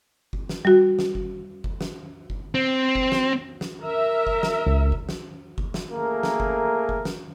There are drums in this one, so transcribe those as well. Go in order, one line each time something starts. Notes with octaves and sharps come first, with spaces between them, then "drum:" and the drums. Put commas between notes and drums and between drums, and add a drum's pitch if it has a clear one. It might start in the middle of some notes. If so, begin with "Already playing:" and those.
drum: kick F#1
drum: snare
G3 F#4
drum: snare
drum: kick F#1
drum: kick F#1
drum: snare
drum: kick F#1
C4
drum: kick F#1
drum: snare
drum: snare
A#4 E5
drum: kick F#1
drum: snare
C#2
drum: kick F#1
drum: snare
drum: kick F#1
drum: snare
A3 A#3 G#4 A#4
drum: snare
drum: kick F#1
drum: kick F#1
drum: snare